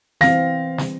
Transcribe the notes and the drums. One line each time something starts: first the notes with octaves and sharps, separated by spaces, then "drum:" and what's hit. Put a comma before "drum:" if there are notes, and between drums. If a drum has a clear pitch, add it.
E3 C4 F5 A#6, drum: snare
drum: snare